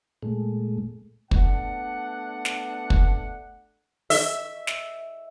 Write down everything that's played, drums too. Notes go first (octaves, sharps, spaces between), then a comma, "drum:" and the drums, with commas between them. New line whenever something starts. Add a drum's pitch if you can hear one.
A#2 G#3 A3
A3 B3 D4 F#5, drum: kick
drum: snare
drum: kick
E5, drum: open hi-hat
drum: snare